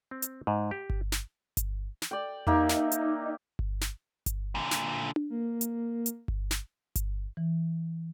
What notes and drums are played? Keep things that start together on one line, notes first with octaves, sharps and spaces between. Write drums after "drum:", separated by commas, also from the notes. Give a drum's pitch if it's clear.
C4
drum: hi-hat
G#2
G4
drum: kick G1
drum: snare
drum: kick G1, hi-hat
drum: snare
D5 G5
A#3 D#4 G4 E5, drum: tom E2
drum: snare
drum: hi-hat
drum: kick G1
drum: snare
drum: kick G1, hi-hat
A#2 D3
drum: snare
drum: tom D4
A#3
drum: hi-hat
drum: hi-hat
drum: kick G1
drum: snare
drum: kick G1, hi-hat
E3